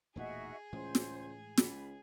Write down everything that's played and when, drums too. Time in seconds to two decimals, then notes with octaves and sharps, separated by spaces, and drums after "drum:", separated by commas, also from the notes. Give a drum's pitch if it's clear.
0.16 E1 A#2 A3 D#4 F#4 G#4 E5
0.73 C#2 A2 E3 G#3 C5
0.95 drum: snare
1.58 C#2 B5, drum: snare